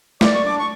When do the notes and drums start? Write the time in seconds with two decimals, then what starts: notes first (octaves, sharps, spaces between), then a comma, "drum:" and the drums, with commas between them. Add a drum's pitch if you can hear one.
0.21 D5 D6, drum: snare
0.34 C#6
0.43 D4 D6
0.59 C#6